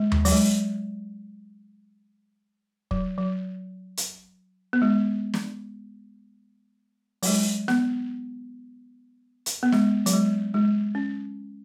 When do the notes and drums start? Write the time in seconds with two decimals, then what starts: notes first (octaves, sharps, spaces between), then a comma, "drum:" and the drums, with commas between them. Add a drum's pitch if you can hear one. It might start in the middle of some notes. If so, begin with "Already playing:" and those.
Already playing: G#3
0.12 drum: tom D#2
0.25 F#3, drum: open hi-hat
0.32 G#3
2.91 F#3, drum: kick
3.18 F#3
3.97 drum: hi-hat
4.73 B3
4.82 G#3
5.34 drum: snare
7.23 F#3, drum: open hi-hat
7.27 G#3
7.68 B3, drum: snare
9.46 drum: hi-hat
9.63 B3
9.72 G#3, drum: snare
10.06 F#3, drum: hi-hat
10.13 G#3
10.54 G#3
10.95 C#4